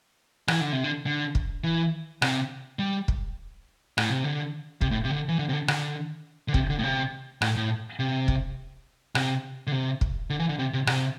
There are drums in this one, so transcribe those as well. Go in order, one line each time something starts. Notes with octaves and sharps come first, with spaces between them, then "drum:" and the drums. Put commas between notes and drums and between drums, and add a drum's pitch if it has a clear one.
E3, drum: rim click
D3
C3
D3
D3
drum: kick
E3
C3, drum: rim click
G3
drum: kick
A2, drum: rim click
C3
D3
C3, drum: kick
A2
C3
D3
E3
D3
C3
D3
D3, drum: rim click
D3
C3, drum: kick
D3
A2
C3
A2, drum: rim click
A2
C3
drum: kick
C3, drum: rim click
D3
C3
drum: kick
D3
E3
D3
C3
C3
C3, drum: rim click